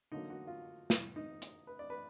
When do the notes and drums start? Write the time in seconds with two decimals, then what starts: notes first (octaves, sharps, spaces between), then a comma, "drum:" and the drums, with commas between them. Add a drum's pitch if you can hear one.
0.12 D3 F#3 A#3 D#4
0.30 F#4
0.47 F4
0.90 drum: snare
1.16 D#4
1.42 drum: hi-hat
1.67 B4
1.79 D5
1.90 B4